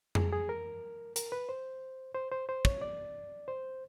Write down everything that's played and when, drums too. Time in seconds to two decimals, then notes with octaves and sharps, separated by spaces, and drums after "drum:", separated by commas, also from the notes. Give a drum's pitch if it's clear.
0.15 G#4, drum: tom F2
0.33 G#4
0.49 A#4
1.16 A#4, drum: hi-hat
1.32 B4
1.49 C5
2.14 C5
2.32 C5
2.49 C5
2.65 C#5, drum: kick
2.81 D5
3.48 C5